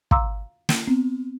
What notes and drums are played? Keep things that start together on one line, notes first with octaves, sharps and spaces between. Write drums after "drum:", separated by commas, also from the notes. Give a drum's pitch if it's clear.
F5 A#5 C6 D6 E6, drum: kick
drum: snare
B3 C4